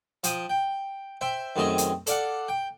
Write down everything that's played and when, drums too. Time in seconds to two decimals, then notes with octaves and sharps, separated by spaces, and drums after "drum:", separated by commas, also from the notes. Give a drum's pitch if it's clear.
0.24 F3 G5 D#6, drum: hi-hat
0.50 G5
1.21 C5 E5 G5
1.56 F#2 D#3 A3 C4 G#4 D#5
1.78 drum: hi-hat
2.07 A4 D5 F5 F#5, drum: hi-hat
2.48 G5